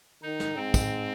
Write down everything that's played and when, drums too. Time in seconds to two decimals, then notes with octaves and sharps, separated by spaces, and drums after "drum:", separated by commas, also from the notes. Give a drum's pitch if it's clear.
0.23 D#3 D#4
0.40 drum: snare
0.56 G#2 C4
0.74 drum: kick, tambourine